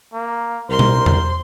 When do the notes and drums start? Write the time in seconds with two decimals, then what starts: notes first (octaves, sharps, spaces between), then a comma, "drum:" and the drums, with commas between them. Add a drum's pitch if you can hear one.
0.13 A#3
0.70 C2 A#4 C5 C6
0.79 drum: tom B2
1.06 drum: tom E2